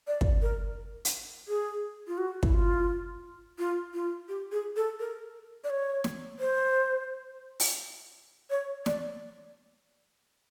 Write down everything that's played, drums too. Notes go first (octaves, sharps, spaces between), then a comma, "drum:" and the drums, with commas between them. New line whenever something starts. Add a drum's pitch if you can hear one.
D5
drum: kick
A#4
drum: hi-hat
G#4
F4
F#4
E4, drum: kick
F4
F4
F4
G4
G#4
A4
A#4
D5
C#5
drum: snare
C5
drum: open hi-hat
C#5
D5, drum: snare